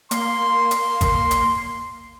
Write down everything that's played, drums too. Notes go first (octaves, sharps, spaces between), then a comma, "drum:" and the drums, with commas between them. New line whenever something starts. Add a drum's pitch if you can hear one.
A#3 C6, drum: hi-hat
drum: hi-hat
drum: kick G#1, hi-hat
drum: hi-hat